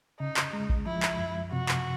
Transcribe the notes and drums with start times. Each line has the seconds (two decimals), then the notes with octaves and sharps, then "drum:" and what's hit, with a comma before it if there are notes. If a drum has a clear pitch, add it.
0.20 C#3 D#4
0.37 drum: clap
0.53 G#3
0.70 drum: kick A#1
0.86 F3 E4
1.03 drum: clap
1.18 F#2
1.52 C3 F#4
1.69 drum: clap